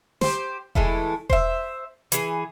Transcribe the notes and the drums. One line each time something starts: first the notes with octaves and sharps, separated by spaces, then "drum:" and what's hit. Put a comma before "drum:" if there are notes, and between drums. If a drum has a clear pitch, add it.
G4 C5, drum: snare
E3 G#3 A3 E4, drum: kick E1
C5 E5, drum: kick E1
E3 G#4, drum: hi-hat